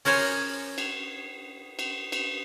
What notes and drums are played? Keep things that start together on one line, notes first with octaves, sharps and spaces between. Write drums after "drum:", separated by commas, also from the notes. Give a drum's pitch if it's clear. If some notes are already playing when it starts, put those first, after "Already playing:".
C#4 A#4 C5 C#5 G#5, drum: open hi-hat
drum: cymbal
drum: cymbal
drum: cymbal